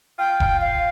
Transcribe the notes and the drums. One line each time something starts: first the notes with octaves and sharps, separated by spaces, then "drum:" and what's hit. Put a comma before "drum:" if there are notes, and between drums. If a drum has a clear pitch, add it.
F4 G5
drum: kick E1
F5